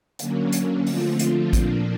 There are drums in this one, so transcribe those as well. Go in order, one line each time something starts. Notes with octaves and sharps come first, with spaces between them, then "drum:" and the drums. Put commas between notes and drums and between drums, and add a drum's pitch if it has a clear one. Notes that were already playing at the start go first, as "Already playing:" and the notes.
D3 F#3 A#3 C#4, drum: hi-hat
drum: hi-hat
D3 F3 A3 C4 F4, drum: open hi-hat
drum: hi-hat
A#2 F3 A#3 D4, drum: kick A1, hi-hat